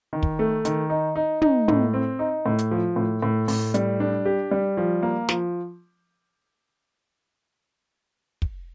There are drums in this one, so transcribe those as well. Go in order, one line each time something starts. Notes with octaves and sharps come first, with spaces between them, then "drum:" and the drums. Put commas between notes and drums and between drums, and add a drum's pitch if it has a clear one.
D#3
drum: kick
A3
D#3, drum: hi-hat
D#4
D#4
D#4, drum: tom
A2, drum: tom
C4
D#4
A2
drum: hi-hat
F3
A2
A2
A2, drum: open hi-hat
G3, drum: hi-hat
D4
G4
G3
F3
A#3
F3, drum: snare
drum: kick